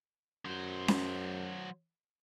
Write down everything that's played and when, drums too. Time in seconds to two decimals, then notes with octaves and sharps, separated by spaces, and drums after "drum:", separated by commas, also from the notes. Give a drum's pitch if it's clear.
0.45 F#2 F#3 C5
0.88 drum: snare C#4